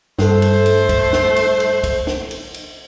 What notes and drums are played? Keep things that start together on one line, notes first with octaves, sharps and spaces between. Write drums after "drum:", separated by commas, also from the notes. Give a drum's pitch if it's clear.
G2 A3 A4 C5, drum: snare
drum: cymbal
drum: cymbal
drum: kick, cymbal
drum: snare
drum: cymbal
drum: cymbal
drum: kick, cymbal
drum: snare
drum: cymbal
drum: cymbal